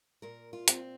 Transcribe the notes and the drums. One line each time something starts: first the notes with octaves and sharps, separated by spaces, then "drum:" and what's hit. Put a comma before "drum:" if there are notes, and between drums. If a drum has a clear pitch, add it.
A#2 A#4
F4
C4, drum: hi-hat